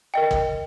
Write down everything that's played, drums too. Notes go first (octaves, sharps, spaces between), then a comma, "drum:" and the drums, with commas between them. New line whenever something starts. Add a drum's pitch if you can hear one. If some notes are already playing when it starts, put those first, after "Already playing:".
A#4 D#5 G5
drum: kick